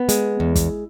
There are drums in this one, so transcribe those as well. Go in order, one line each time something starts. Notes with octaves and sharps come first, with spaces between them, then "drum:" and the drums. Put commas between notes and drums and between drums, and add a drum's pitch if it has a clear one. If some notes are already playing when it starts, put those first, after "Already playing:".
Already playing: B3
G#3, drum: hi-hat
E2
drum: kick, hi-hat